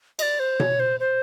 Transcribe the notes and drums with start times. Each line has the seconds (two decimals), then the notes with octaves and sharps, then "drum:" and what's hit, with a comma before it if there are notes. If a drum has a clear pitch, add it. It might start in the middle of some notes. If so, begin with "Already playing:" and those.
0.19 D#5, drum: cymbal
0.22 D5
0.39 C5
0.60 C#5, drum: tom B2
0.80 C5
1.00 C5